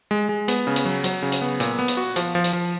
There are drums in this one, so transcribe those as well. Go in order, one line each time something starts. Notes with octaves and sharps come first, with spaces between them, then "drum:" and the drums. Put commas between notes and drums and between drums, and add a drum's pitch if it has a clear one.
G#3
G#3
B3, drum: hi-hat
C#3
drum: hi-hat
F#3
F#3, drum: hi-hat
C#3
drum: hi-hat
B3
A#2, drum: hi-hat
B3
drum: hi-hat
F#4
F3, drum: hi-hat
F3
drum: hi-hat
F3